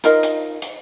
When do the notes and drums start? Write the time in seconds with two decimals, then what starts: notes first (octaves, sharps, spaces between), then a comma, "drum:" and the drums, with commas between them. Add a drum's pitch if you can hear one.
0.04 D#4 F4 A#4 D#5, drum: hi-hat
0.23 drum: hi-hat
0.62 drum: hi-hat